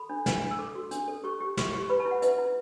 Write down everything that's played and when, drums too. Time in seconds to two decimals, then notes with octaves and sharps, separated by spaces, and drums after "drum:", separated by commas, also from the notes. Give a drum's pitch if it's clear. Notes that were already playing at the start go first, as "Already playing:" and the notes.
Already playing: A4 B5
0.10 D4
0.26 D4, drum: snare
0.42 D4
0.51 E6
0.59 A4 D6
0.75 F#4
0.91 D4, drum: hi-hat
1.08 A4
1.24 G4 C#6
1.40 G4
1.57 G4, drum: snare
1.73 G4
1.83 C#6
1.89 B4 B5
2.00 A5
2.06 E4
2.11 F#5
2.22 B4 E5, drum: hi-hat
2.38 E4